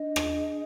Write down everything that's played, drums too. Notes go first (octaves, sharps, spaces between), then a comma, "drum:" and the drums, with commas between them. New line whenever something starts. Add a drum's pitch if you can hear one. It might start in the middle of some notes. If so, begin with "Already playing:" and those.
Already playing: D4 D#5
G#4, drum: rim click